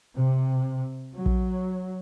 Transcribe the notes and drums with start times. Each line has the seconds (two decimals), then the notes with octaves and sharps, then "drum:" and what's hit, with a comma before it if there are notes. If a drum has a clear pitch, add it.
0.16 C3
1.15 F#3
1.26 drum: kick A#1